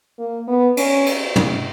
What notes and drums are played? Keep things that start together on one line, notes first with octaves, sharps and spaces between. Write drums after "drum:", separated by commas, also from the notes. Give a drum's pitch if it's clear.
A#3
B3
C#4, drum: cymbal
drum: cymbal
drum: tom